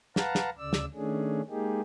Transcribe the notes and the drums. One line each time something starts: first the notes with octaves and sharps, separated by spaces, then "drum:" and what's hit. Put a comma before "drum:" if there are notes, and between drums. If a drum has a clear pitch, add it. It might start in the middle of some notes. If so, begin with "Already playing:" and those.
B4 F5 F#5 A5 A#5, drum: snare
drum: snare
D2 C#3 D5 E6
drum: snare
D#3 A3 C#4 D4 G#4
G#3 A#3 D#4 G4 G#4